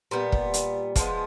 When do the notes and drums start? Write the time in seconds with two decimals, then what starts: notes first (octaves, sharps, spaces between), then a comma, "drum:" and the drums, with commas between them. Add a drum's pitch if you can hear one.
0.11 A#2 G3 B3
0.32 drum: kick
0.54 drum: hi-hat
0.96 F3 G#3 B3, drum: kick, hi-hat